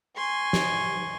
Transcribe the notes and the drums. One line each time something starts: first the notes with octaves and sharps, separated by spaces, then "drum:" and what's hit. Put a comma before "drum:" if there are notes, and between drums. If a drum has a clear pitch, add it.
G#5 C6 C#6
drum: snare